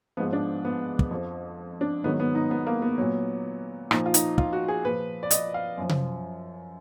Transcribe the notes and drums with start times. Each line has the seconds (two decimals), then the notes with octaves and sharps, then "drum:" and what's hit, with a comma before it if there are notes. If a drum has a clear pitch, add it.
0.17 G#2 F3 B3
0.33 D4
0.65 B3
0.99 drum: kick
1.11 F2 F3
1.81 D4
2.04 G#2 D#3 F#3 B3
2.20 B3
2.35 D#4
2.51 B3
2.67 A#3
2.82 B3
2.98 A#2 F#3
3.91 A#2 F3 D#4, drum: rim click
4.06 F4
4.14 D#4, drum: hi-hat
4.38 F4, drum: kick
4.53 F#4
4.68 G#4
4.85 A#2 F3 B4
5.23 D5
5.31 D#5, drum: hi-hat
5.54 F5
5.78 F#2 F3
5.89 drum: tom C3